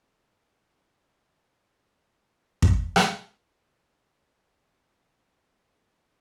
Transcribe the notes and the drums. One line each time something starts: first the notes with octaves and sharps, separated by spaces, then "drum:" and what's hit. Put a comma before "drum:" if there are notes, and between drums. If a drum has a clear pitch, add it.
C#2 B3 E4 F#5 G5 B5
G4 A4 D5
B2 B3 D#4 G4 C#6 E6
D5 D#5 F#5
C#5 C6 D#6
drum: kick
drum: rim click
D5
C6
D5
A4
G#5